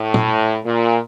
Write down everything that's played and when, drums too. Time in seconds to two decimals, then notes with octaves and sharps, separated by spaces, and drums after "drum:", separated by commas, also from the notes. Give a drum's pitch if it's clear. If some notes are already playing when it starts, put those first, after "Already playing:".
Already playing: A2
0.14 drum: tom
0.65 A#2